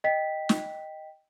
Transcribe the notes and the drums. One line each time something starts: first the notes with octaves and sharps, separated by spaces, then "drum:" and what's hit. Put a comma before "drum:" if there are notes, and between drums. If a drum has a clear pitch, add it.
D#5 G5 B6
drum: snare